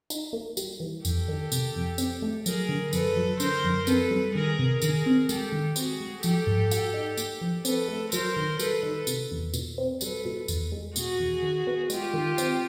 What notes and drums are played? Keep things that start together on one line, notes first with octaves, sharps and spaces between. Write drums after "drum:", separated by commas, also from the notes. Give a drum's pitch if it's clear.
D#4, drum: tambourine
A#3
G3, drum: tambourine
E3
F2 G4 A4, drum: tambourine
D#3
C3, drum: tambourine
F2
C4, drum: tambourine
A3
F#3 G#4 A#4, drum: tambourine
D3
F#2 A4 B4, drum: tambourine
F#3
D3 A#4 C5, drum: tambourine
F#2
C4 A4 B4, drum: tambourine
G3
D#3 G#4 A#4
C3
D#3 G#4 A#4, drum: tambourine
C4
G#3 G4 A4, drum: tambourine
D#3
C4 F#4 G#4, drum: tambourine
G#3
F3 G4 A4, drum: tambourine
G#2
F#4, drum: tambourine
D#4
A#3, drum: tambourine
F3
C4 A4 B4, drum: tambourine
A3
F#3 A#4 C5, drum: tambourine
D#3
G3 A4 B4, drum: tambourine
D#3
C3, drum: tambourine
E2
B2, drum: tambourine
C4
G3 A4 B4, drum: tambourine
B2
E2, drum: tambourine
G#3
B2 F#4 G#4, drum: tambourine
E2
D#3
B3
G#3 F4 G4, drum: tambourine
D#3
C4, drum: tambourine